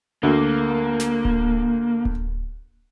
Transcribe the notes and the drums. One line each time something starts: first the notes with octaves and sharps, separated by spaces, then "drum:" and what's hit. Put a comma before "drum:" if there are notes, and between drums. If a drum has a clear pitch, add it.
D2 A#3
drum: snare
drum: kick D1
drum: kick D1